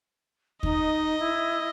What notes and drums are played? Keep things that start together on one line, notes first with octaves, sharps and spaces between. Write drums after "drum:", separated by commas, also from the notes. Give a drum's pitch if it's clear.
D#4 D#5, drum: kick
E4